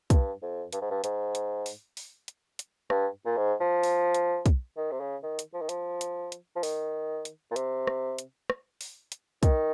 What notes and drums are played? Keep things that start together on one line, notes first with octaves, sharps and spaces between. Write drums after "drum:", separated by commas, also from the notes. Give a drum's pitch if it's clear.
G2, drum: kick, hi-hat
F2
G2, drum: hi-hat
G#2
G2
G#2, drum: hi-hat
drum: hi-hat
drum: open hi-hat
drum: open hi-hat
drum: hi-hat
drum: hi-hat
G2, drum: rim click
A#2
G#2
F3
drum: open hi-hat
drum: hi-hat
drum: kick, hi-hat
D#3
C3
C#3
D#3
drum: hi-hat
F3
D#3
F3, drum: hi-hat
drum: hi-hat
drum: hi-hat
F3
D#3, drum: open hi-hat
drum: hi-hat
A#2
C3, drum: hi-hat
drum: rim click
drum: hi-hat
drum: rim click
drum: open hi-hat
drum: hi-hat
D#3, drum: kick, hi-hat